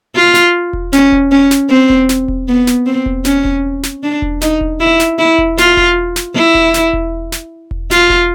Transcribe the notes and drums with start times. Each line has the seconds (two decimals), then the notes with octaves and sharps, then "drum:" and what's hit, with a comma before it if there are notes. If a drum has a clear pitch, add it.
0.15 F4
0.35 drum: snare
0.73 drum: kick E1
0.93 C#4, drum: snare
1.12 drum: kick E1
1.31 C#4
1.51 drum: snare
1.70 C4
1.90 drum: kick E1
2.09 drum: snare
2.28 drum: kick E1
2.48 B3
2.67 drum: snare
2.86 C4
3.06 drum: kick E1
3.25 C#4, drum: snare
3.45 drum: kick E1
3.83 drum: snare
4.03 D4
4.22 drum: kick E1
4.41 D#4, drum: snare
4.61 drum: kick E1
4.80 E4
5.00 drum: snare
5.18 E4
5.38 drum: kick E1
5.58 F4, drum: snare
5.77 drum: kick E1
6.16 drum: snare
6.35 E4
6.55 drum: kick E1
6.74 drum: snare
6.93 drum: kick E1
7.32 drum: snare
7.71 drum: kick E1
7.91 F4, drum: snare
8.10 drum: kick E1